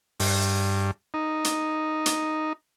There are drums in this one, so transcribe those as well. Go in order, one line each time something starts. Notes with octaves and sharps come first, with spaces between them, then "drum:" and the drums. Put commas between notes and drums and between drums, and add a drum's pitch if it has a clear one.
G2, drum: open hi-hat
D#4
drum: hi-hat
drum: hi-hat